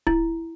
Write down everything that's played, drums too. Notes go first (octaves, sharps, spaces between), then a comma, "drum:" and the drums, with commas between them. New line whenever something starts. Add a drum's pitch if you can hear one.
E4, drum: kick D1